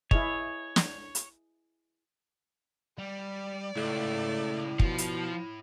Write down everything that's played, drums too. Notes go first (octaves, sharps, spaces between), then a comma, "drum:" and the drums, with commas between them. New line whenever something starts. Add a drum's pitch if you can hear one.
E4 G#4 C#5 D#5, drum: kick
drum: snare
drum: hi-hat
G3 D5
C#2 A3 E4 C#5
B2 F3, drum: kick
drum: hi-hat